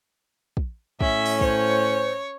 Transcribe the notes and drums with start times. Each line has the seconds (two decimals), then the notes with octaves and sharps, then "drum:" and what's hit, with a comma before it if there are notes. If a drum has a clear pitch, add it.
0.57 drum: kick
1.01 A2 C#4 E5, drum: kick
1.26 drum: open hi-hat
1.41 C5 C#5, drum: kick